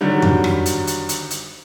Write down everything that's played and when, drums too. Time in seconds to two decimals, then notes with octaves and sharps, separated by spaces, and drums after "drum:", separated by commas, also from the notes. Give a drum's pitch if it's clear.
0.01 D3 D#3 F#3 G3
0.22 drum: tom F2
0.44 drum: rim click
0.66 drum: hi-hat
0.87 drum: hi-hat
1.09 drum: hi-hat
1.30 drum: hi-hat